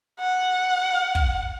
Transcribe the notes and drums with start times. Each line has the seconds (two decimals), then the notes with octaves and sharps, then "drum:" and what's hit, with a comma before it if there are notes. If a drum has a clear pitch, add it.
0.20 F#5
1.15 drum: kick